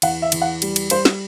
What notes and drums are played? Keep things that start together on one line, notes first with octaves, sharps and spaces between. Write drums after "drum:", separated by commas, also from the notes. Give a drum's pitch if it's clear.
E2 F#5, drum: cymbal
E5
E2, drum: cymbal
F#5
G3, drum: cymbal
drum: cymbal
G3 C5, drum: cymbal
drum: snare